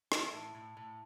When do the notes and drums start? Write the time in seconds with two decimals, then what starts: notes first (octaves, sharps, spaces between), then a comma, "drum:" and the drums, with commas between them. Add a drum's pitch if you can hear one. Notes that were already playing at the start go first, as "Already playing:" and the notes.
0.12 E3 E4, drum: rim click
0.33 A2
0.55 A2
0.77 A2